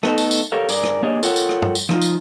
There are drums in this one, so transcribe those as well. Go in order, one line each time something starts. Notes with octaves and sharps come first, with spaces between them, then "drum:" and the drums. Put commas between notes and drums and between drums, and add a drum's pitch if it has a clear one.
A3 B3 C#4 D#4 A4, drum: rim click
drum: tambourine
drum: tambourine
G4 A4 A#4 C#5 F5
G2 G#4 A#4 D5, drum: tambourine
drum: rim click
A#3 D4 G4 G#4 C#5 D#5
F4 A4 A#4 C#5 F#5 G5, drum: tambourine
drum: tambourine
drum: rim click
drum: tom
drum: tambourine
F3 D#4 F4, drum: rim click
drum: tambourine